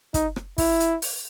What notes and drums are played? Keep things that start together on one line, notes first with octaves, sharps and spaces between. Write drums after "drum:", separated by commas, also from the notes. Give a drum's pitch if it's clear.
D#4, drum: kick, hi-hat
drum: rim click
E4, drum: kick, open hi-hat
drum: hi-hat
drum: open hi-hat